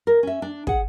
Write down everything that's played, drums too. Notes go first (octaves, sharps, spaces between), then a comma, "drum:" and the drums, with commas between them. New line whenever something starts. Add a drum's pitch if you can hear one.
A#4
C#4 E5
D4
G#4 F#5, drum: kick